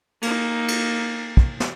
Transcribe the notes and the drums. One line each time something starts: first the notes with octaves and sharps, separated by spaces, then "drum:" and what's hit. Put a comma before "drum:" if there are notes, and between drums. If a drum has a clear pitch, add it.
A#3 D#4, drum: cymbal
drum: cymbal
drum: kick
drum: snare